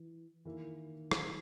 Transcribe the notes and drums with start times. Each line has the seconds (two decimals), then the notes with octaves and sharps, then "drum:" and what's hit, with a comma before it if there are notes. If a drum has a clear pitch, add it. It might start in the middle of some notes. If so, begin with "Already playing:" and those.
Already playing: E3
0.45 D#3 E3 A#3 E4
1.11 drum: rim click